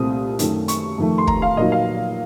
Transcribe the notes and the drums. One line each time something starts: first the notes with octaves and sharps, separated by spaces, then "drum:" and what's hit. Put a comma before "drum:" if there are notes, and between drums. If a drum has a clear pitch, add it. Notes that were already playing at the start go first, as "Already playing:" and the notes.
Already playing: C2 A#2 A3 C4 D#6
F#2 D#3 A3, drum: hi-hat
C#6, drum: hi-hat
F2 D#3 A3
C6
A#5, drum: kick
F5
A#2 F#3 A#3 D#4 D#5
F5